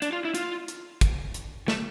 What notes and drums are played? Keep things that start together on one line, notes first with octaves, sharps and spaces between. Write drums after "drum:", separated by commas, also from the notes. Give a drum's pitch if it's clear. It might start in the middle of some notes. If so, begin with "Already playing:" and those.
D4, drum: hi-hat
F4
E4
F4, drum: hi-hat
drum: hi-hat
drum: kick, hi-hat
drum: hi-hat
A3, drum: snare